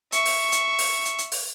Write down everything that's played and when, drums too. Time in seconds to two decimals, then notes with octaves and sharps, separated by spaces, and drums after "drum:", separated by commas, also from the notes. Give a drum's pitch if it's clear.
0.12 E5 C#6, drum: hi-hat
0.26 drum: open hi-hat
0.52 drum: hi-hat
0.79 drum: open hi-hat
1.05 drum: hi-hat
1.18 drum: hi-hat
1.32 drum: open hi-hat